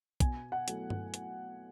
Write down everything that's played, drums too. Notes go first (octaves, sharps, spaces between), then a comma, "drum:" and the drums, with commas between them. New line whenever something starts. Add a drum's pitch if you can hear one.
B2 G#5, drum: kick, hi-hat
F#5
F#3 A3 E4, drum: hi-hat
drum: tom G2
drum: hi-hat